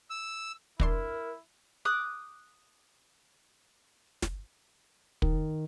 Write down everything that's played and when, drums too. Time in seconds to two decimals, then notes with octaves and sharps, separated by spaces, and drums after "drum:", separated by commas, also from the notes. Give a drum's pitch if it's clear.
0.10 E6
0.80 E3 D4 E4 A#4 C6, drum: kick
1.85 D6 D#6 F#6 G6
4.22 drum: snare
5.22 D#3, drum: kick